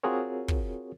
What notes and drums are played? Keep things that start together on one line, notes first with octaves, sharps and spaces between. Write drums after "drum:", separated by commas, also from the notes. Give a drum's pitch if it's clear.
C4 F4 F#4 G#4 A#4 C#5
drum: kick